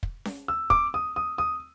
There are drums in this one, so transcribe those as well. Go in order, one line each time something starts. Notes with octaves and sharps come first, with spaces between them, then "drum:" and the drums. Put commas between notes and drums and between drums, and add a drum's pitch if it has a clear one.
drum: kick
drum: snare C#4
E6
D6, drum: kick
D#6
D#6
D#6